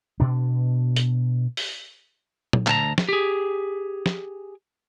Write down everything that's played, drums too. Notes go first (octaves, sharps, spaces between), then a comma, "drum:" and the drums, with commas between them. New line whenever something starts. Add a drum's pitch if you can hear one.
B2 D4
drum: hi-hat
drum: open hi-hat
drum: tom A#2
D2 A5 A#5, drum: clap
drum: snare
G4 G#4
drum: snare